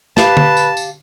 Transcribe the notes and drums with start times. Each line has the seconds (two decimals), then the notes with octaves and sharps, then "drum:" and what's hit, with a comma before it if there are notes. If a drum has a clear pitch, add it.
0.17 G4 B4 F5 A5, drum: snare
0.37 drum: tom D3
0.57 drum: tambourine
0.77 drum: tambourine